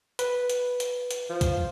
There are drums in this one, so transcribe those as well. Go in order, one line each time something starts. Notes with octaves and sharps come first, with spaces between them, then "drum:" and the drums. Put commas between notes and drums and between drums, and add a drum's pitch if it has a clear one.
B4, drum: hi-hat
drum: hi-hat
drum: hi-hat
drum: hi-hat
F3
drum: kick, hi-hat